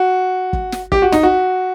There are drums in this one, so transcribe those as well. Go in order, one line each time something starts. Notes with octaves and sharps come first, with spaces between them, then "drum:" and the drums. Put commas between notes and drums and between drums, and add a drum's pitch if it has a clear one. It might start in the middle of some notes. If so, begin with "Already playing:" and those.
Already playing: F#4
drum: kick
drum: snare
G4, drum: kick
F#4
D#4, drum: snare
F#4